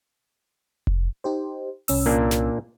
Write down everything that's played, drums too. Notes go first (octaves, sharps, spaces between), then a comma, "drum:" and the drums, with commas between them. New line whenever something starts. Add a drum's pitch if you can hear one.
drum: kick F1
D#4 G4 C5
C2 C#4 E6, drum: open hi-hat
A#2 A#3 D4
drum: snare